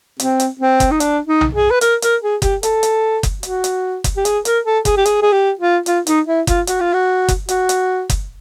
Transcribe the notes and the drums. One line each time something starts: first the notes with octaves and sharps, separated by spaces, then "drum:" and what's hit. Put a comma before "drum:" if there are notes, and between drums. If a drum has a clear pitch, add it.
C4, drum: hi-hat
drum: hi-hat
C4
drum: kick F#1, hi-hat
D#4
D4, drum: hi-hat
D#4
drum: tom B1
G#4
B4
A#4, drum: hi-hat
A#4, drum: hi-hat
G#4
G4, drum: kick F#1, hi-hat
A4, drum: hi-hat
drum: hi-hat
drum: kick F#1, hi-hat
F#4, drum: hi-hat
drum: hi-hat
drum: kick F#1, hi-hat
G4
G#4, drum: hi-hat
A#4, drum: hi-hat
A4
G#4, drum: kick F#1, hi-hat
G4
G#4, drum: hi-hat
G#4
G4
F4
F4, drum: hi-hat
D#4, drum: hi-hat
E4
F4, drum: kick F#1, hi-hat
F#4, drum: hi-hat
F4
F#4
drum: kick F#1, hi-hat
F#4, drum: hi-hat
drum: hi-hat
drum: kick F#1, hi-hat